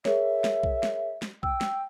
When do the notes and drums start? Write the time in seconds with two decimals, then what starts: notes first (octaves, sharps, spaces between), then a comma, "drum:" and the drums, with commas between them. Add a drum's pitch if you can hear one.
0.05 G#4 A#4 C#5 E5, drum: snare
0.44 drum: snare
0.63 drum: kick B1
0.83 drum: snare
1.22 drum: snare
1.43 G5 E6, drum: kick B1
1.61 drum: snare